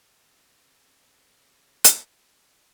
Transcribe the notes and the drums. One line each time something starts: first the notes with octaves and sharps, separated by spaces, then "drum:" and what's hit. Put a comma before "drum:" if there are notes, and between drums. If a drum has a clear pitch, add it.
C#3 E3 C4
drum: hi-hat